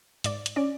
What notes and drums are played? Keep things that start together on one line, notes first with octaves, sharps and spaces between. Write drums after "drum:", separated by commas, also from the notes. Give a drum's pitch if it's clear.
G#2 D5, drum: hi-hat
drum: hi-hat
C#4 D5